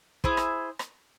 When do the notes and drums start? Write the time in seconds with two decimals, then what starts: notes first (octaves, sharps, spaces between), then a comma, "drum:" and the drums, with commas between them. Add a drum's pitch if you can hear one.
0.24 E4 G#4 C5, drum: kick
0.37 drum: rim click
0.79 drum: rim click